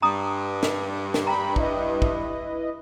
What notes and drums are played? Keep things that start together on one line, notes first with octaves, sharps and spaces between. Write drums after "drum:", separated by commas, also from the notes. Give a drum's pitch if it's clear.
G2 A#5 D#6
drum: snare
drum: snare
G5 A#5 B5
E4 B4 D#5, drum: kick
drum: kick